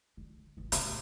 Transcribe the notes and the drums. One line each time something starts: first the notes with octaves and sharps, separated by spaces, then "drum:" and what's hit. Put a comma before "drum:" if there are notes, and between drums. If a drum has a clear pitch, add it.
D3
A1 E3
A2 C#3, drum: hi-hat